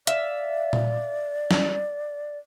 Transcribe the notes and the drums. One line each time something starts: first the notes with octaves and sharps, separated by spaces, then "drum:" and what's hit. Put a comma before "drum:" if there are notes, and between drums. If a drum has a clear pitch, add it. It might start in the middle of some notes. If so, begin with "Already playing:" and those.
D5 E5 F5, drum: hi-hat
drum: tom A#2
drum: snare